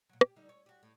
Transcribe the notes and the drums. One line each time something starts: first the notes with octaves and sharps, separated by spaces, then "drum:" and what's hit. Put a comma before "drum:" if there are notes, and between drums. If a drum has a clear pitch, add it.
A#2 F#3
G4, drum: rim click
D3 G3 D#4
C#4 C#5
F#4 G4
A2